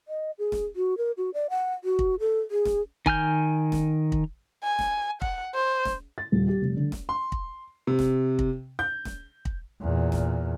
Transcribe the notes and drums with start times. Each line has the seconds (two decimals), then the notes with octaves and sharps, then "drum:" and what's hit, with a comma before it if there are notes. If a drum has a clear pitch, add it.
0.08 D#5
0.39 G#4
0.52 drum: snare
0.76 F#4
0.98 A#4
1.17 F#4
1.34 D5
1.50 F#5
1.84 F#4
1.99 drum: kick
2.20 A4
2.51 G#4
2.65 drum: snare
3.06 D#3 G#5 F6 G6, drum: kick
3.72 drum: snare
4.12 drum: kick
4.63 G#5
4.79 drum: snare
5.22 F#5, drum: kick
5.54 C5
5.85 drum: snare
6.18 A6
6.32 D#1
6.48 G4
6.62 F1
6.76 D3
6.92 drum: snare
7.09 C6
7.32 drum: kick
7.87 C3
7.99 drum: snare
8.39 drum: kick
8.79 G6
9.05 drum: snare
9.45 drum: kick
9.82 E2 A#2
10.12 drum: snare